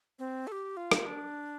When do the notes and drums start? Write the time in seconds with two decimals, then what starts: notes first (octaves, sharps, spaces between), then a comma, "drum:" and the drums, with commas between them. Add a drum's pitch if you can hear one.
0.19 C4
0.47 A4
0.52 G4
0.77 F4
0.91 drum: rim click
1.06 D4